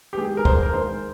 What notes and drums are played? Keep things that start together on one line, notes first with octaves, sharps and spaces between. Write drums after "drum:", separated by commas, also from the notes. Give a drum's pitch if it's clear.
G4
D#3 G#3 G#4
A#4
F2 C5, drum: kick
A#4
D#3 G#3 C5